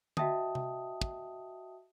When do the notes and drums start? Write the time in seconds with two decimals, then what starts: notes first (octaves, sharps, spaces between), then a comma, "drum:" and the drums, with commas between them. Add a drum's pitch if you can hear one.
0.17 F#4 D#5 E5 G5 A5 D#6, drum: tom D3
0.55 drum: tom C3
1.01 drum: kick